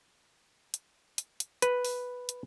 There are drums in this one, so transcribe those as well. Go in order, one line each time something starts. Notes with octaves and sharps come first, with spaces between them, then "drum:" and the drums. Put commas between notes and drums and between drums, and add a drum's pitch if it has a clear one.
drum: hi-hat
drum: hi-hat
drum: hi-hat
B4, drum: hi-hat
drum: open hi-hat
drum: hi-hat